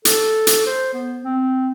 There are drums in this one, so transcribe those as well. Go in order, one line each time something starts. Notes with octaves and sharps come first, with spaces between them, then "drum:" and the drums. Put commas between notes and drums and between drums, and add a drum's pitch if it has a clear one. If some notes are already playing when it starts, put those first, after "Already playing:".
A4, drum: hi-hat
drum: hi-hat
C5
B3
C4